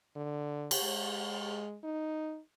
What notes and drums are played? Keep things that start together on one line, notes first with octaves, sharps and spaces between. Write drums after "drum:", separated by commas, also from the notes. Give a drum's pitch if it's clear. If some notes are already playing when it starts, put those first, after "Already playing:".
D3
drum: cymbal
G#3
D#4